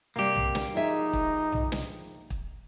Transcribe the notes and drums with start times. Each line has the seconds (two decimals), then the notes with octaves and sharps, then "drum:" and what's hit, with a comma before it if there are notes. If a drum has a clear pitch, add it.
0.16 C3 G3 A#3 G4
0.35 drum: tom B1
0.55 drum: snare
0.76 F3 D#4 G#4 E5
1.13 drum: kick
1.52 drum: tom B1
1.72 drum: snare
2.30 drum: kick